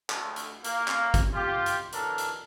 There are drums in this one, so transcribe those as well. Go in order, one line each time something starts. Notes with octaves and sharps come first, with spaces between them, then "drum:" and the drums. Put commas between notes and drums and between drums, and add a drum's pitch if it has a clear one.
D2, drum: clap
drum: hi-hat
A#3, drum: hi-hat
drum: clap
drum: kick, hi-hat
F4 G4
drum: hi-hat
E3 F#3 D4 A4 A#4, drum: hi-hat
drum: hi-hat